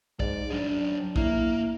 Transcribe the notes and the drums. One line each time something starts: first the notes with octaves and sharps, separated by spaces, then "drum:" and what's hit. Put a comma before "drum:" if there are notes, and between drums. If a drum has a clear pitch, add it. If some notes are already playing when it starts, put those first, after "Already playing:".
G#2 D5, drum: kick
F#3 D4 G#4
A#3 E4, drum: kick